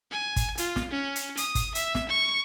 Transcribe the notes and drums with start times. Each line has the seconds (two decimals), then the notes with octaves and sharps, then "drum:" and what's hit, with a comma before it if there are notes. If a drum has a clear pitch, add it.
0.11 G#5
0.36 drum: kick, hi-hat
0.58 F4, drum: hi-hat
0.76 drum: snare
0.91 C#4
1.16 drum: hi-hat
1.37 D#6, drum: hi-hat
1.55 drum: kick, hi-hat
1.75 E5, drum: hi-hat
1.95 drum: snare
2.09 C#6